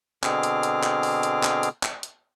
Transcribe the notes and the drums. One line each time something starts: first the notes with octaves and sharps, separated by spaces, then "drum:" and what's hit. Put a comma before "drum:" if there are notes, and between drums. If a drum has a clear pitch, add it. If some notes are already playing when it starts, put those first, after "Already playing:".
B2 D3 C4 G#4 D6 F6, drum: clap
drum: hi-hat
drum: hi-hat
drum: clap
drum: open hi-hat
drum: hi-hat
drum: clap
drum: hi-hat
drum: clap
drum: hi-hat